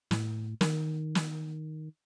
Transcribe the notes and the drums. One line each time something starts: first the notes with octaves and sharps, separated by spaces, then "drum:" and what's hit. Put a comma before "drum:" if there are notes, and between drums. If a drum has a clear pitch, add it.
A2, drum: snare
D#3, drum: snare
drum: snare